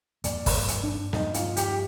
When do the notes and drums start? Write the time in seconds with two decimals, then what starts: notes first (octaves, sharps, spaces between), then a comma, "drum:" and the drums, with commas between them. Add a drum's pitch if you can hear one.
0.24 G2 F3 A#3 D5, drum: hi-hat
0.46 drum: kick, open hi-hat
0.68 drum: hi-hat
0.83 D4
1.13 G2 F3 A#3 D#4, drum: snare
1.34 F4, drum: hi-hat
1.57 G4, drum: hi-hat